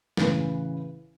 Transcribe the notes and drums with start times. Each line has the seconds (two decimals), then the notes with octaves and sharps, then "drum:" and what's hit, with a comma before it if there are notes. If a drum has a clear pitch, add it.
0.17 A1 C#3 E3 B4, drum: snare